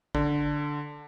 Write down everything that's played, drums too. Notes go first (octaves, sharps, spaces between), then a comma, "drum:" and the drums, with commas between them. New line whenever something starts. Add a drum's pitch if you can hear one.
D3, drum: kick